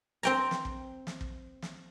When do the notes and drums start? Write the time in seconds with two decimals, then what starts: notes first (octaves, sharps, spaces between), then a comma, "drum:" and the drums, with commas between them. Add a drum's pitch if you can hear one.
0.23 C4 G5 A#5
0.51 drum: snare
0.65 drum: kick
1.07 drum: snare
1.21 drum: kick
1.62 drum: snare